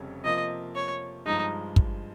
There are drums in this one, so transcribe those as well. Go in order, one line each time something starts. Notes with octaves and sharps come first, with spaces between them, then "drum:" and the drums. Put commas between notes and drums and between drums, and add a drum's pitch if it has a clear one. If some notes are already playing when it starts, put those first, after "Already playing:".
Already playing: F1 F2 C#3 G3 C#4
C3 F3 A#3 F4 D#5
C#5
G2 F3 G#3 D#4
drum: kick